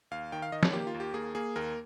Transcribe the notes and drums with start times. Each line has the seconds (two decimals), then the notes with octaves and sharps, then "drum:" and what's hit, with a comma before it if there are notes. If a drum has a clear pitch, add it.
0.11 D#2 F5
0.32 D#3 G5
0.42 F5
0.52 D#3 D#5
0.63 C#5, drum: snare
0.73 A#3 G4
0.87 F4
0.94 D#2
1.00 G4
1.14 A#3 G#4
1.35 A#3 G#4
1.56 D#2 A#4